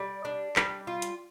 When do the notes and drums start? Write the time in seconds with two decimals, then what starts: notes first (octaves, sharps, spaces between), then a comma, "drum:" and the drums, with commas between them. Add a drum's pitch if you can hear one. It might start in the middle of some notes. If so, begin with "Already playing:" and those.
Already playing: G3 D5
0.25 D4
0.56 G3, drum: clap
0.87 F4
1.02 drum: hi-hat